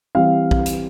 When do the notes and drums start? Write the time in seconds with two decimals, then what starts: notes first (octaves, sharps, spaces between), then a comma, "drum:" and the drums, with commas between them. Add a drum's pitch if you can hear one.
0.15 E3 G3 C4 F5
0.51 drum: kick
0.66 drum: hi-hat